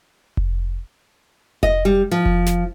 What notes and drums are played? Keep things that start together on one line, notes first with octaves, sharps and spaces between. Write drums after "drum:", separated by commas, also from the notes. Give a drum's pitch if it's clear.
drum: kick F1
D#5, drum: kick F1
G3
F3
drum: kick F1
drum: snare